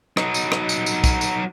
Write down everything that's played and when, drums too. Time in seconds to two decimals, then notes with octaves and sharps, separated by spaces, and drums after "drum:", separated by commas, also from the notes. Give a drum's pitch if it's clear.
0.17 F#3 D#4, drum: rim click
0.34 drum: tambourine
0.52 drum: rim click
0.69 drum: tambourine
0.86 drum: tambourine
1.04 drum: kick, tambourine
1.21 drum: tambourine